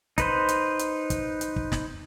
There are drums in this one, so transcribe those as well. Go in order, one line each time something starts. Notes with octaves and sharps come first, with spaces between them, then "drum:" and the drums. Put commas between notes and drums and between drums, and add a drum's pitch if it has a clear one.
D#4 B4 C5, drum: kick, hi-hat
drum: hi-hat
drum: hi-hat
drum: kick, hi-hat
drum: hi-hat
drum: kick
drum: snare